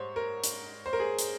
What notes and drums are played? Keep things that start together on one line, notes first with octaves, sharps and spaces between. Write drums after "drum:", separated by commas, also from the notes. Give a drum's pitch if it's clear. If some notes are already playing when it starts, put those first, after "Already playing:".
Already playing: G#2 G3 C5 C#5
A#4
drum: hi-hat
C5
A#4
G#4
drum: hi-hat